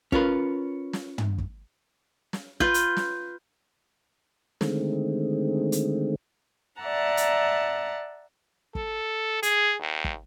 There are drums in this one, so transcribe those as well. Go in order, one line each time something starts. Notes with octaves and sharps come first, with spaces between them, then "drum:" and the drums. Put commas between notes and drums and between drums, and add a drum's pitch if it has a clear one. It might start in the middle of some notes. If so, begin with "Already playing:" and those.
C#4 F4 A#4 B4, drum: kick
drum: snare
drum: tom
drum: kick
drum: snare
F4 B4 G6, drum: kick
drum: hi-hat
drum: snare
D3 D#3 G#3 A3 C4, drum: snare
drum: hi-hat
D5 E5 F#5 A5 A#5
drum: hi-hat
A4, drum: kick
G#4, drum: hi-hat
D#2
drum: kick